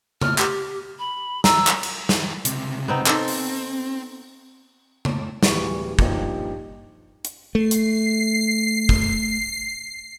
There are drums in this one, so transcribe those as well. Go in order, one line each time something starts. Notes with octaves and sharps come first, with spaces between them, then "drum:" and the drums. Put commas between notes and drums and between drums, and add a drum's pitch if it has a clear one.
F6, drum: tom C#3
G4, drum: clap
B5
A#5 E6, drum: snare
drum: clap
drum: cymbal
drum: snare
C#2 C3, drum: hi-hat
B3 C4 D#4
C4 D#4 A4, drum: clap
drum: open hi-hat
drum: tom C#3
D1 E3 G3 C#6, drum: snare
G2 A#2 F3 D#4 G4, drum: kick
drum: hi-hat
A3 C7
drum: hi-hat
drum: kick